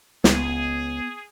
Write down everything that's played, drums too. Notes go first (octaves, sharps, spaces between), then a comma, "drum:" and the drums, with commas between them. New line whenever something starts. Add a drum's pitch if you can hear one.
C#2 B3 G#4, drum: snare